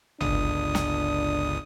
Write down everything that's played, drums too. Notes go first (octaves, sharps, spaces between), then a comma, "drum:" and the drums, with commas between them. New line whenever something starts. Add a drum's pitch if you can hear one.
G1 C#2 D4 D#6, drum: tom
drum: snare